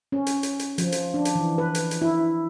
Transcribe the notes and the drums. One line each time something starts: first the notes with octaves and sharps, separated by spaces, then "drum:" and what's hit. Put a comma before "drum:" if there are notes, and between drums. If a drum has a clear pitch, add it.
C#4
drum: hi-hat
drum: hi-hat
drum: hi-hat
F3, drum: hi-hat
drum: hi-hat
D4
drum: hi-hat
E3
B4
drum: hi-hat
drum: hi-hat
E4